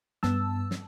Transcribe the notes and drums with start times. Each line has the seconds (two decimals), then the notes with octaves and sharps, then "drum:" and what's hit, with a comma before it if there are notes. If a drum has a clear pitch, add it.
0.23 G2 B3 A5 E6, drum: snare
0.71 drum: snare